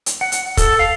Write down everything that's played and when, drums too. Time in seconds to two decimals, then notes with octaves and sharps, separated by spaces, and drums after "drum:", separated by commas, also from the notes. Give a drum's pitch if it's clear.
0.06 drum: hi-hat
0.21 F#5
0.32 drum: hi-hat
0.57 A4, drum: kick, hi-hat
0.79 F5